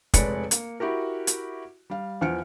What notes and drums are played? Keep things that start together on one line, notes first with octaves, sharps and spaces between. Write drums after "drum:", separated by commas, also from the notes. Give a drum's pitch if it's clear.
F1 G#3 B4 C#5 D5 C#7, drum: kick, hi-hat
A#3, drum: hi-hat
E4 F#4 G4 A#4
drum: hi-hat
G3 F5
E2 F3 F#5 F6 C#7 D7